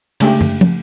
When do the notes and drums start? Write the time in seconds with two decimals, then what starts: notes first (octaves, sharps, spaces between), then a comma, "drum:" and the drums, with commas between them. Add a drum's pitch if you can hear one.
0.20 C#3 G#3 A3 D4 G4, drum: cymbal
0.41 drum: tom
0.61 drum: tom